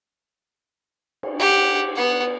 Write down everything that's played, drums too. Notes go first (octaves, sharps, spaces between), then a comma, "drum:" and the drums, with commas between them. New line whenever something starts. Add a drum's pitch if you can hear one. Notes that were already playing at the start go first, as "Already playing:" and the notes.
drum: cymbal
G4 F#5
B3 F#5